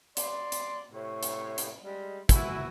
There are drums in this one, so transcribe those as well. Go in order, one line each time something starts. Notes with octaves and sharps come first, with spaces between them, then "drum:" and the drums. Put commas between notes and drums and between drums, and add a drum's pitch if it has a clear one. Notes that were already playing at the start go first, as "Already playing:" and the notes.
D5 C6, drum: hi-hat
drum: hi-hat
A2 C3 C#5
drum: hi-hat
drum: hi-hat
G3 G#3
E4 F#4 G#5, drum: kick, hi-hat